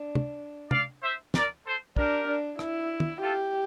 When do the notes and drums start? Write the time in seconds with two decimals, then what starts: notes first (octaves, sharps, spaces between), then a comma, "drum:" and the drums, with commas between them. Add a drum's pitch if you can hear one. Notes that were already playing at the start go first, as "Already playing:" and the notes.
Already playing: D4
0.15 drum: tom
0.71 D5 F5, drum: tom
1.02 C5 E5
1.34 A#4 D5, drum: snare
1.65 A4 C5
1.96 D4 G4 A#4, drum: kick
2.28 D4
2.59 E4, drum: rim click
3.00 drum: tom
3.21 F4 G4 A4